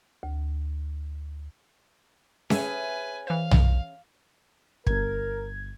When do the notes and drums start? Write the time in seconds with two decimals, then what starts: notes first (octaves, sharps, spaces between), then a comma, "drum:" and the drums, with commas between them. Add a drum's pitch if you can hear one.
0.23 D2
2.50 C#4 G#4 B4 E5 G#5, drum: snare C#4
3.27 E3 C5 F5
3.51 drum: tom B1
4.87 G1 A#4 G#6, drum: kick